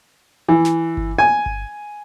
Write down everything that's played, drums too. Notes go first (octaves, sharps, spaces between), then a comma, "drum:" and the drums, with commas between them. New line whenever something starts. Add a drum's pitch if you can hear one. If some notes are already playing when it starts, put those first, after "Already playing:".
E3
drum: snare
drum: kick G1
G#5
drum: kick G1